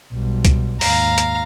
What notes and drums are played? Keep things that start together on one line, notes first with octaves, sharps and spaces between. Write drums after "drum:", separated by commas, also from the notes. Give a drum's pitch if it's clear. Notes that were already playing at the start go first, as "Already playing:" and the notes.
B1 G3
drum: kick C2, hi-hat
D#2 G#2 F5 A#5, drum: open hi-hat
drum: hi-hat